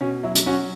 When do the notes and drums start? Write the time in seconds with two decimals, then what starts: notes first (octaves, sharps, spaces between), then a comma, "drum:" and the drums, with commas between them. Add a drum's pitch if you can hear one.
0.01 B2 C#4
0.23 F#3 E4
0.35 drum: hi-hat
0.46 F#3 C#4 F#4